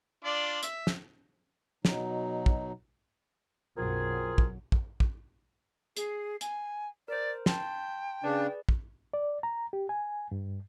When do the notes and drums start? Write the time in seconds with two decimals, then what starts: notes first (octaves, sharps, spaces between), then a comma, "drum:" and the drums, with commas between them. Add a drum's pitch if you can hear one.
0.24 D4 F4 D5
0.63 E5, drum: hi-hat
0.87 drum: snare
1.85 B2 F#3 D#4, drum: snare
2.46 drum: kick
3.77 B1 F#2 F#3 C4 F4 G#4 A#4
4.38 drum: kick
4.72 drum: kick
5.00 drum: kick
5.97 G#4 C7, drum: hi-hat
6.41 G#5, drum: hi-hat
7.08 A#4 C5 D5
7.46 G5 A5 C6 A6, drum: snare
8.24 C#3 D4 G#4 B4 D5
8.69 drum: kick
9.14 D5
9.43 A#5
9.73 G4
9.89 G#5
10.31 G2